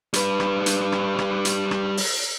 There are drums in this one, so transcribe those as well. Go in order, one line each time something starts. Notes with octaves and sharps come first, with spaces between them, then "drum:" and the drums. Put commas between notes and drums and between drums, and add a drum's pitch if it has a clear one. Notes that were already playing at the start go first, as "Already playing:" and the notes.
G3 B4, drum: hi-hat
drum: rim click
drum: hi-hat
drum: rim click
drum: rim click
drum: hi-hat
drum: rim click
drum: open hi-hat